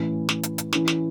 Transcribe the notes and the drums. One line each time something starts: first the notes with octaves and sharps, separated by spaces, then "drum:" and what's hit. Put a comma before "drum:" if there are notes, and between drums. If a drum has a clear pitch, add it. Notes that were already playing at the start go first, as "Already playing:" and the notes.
Already playing: A2 E3 C#4 E4
drum: snare
drum: hi-hat
drum: hi-hat
E3 C#4 E4, drum: snare
drum: snare